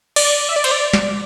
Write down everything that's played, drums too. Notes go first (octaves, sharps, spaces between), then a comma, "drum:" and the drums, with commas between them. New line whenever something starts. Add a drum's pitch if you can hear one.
D5, drum: cymbal
E5
D5
C5, drum: cymbal
D5
drum: snare